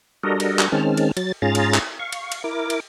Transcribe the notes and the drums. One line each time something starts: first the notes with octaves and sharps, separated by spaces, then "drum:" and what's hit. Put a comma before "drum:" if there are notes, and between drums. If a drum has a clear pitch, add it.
G3 D4 F#4 A4 A#4 D#5
drum: cymbal
drum: clap
D#3 G#3 C4 C#4 A5 F6
drum: cymbal
F#3 A6, drum: cymbal
G#2 C#4 F4 G#4 A#5 A6
drum: cymbal
drum: clap
F5 C#6
drum: cymbal
drum: cymbal
E4 A#4 D6
drum: cymbal